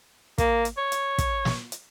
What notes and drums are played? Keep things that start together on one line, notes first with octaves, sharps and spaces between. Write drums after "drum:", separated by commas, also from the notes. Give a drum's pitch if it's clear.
A#3, drum: kick, hi-hat
drum: hi-hat
C#5
drum: hi-hat
drum: kick, hi-hat
drum: snare
drum: hi-hat